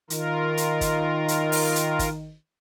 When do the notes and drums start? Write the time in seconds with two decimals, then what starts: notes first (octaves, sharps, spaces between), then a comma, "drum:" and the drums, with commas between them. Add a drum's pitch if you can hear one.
0.10 D#3 F4 A#4, drum: hi-hat
0.57 drum: hi-hat
0.81 drum: kick, hi-hat
1.28 drum: hi-hat
1.52 drum: open hi-hat
1.76 drum: hi-hat
1.99 drum: kick, hi-hat